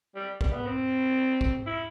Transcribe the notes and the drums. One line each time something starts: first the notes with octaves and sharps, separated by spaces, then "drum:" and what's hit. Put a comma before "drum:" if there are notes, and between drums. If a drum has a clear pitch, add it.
G3
G3, drum: kick
B3
C4
drum: kick
E4